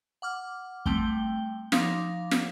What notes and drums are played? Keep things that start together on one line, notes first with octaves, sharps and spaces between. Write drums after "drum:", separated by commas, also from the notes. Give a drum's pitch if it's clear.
F#5 D6 F6
G3 A3 C4 G5 G7, drum: kick
F3 D#4 F5 D6, drum: snare
drum: snare